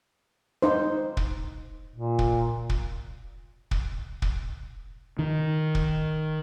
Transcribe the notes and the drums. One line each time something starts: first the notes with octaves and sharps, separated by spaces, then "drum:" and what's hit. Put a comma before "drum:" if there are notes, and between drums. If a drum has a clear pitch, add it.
D#4 C5
drum: kick
A#2
drum: kick
drum: kick
drum: kick
drum: kick
D#3
drum: kick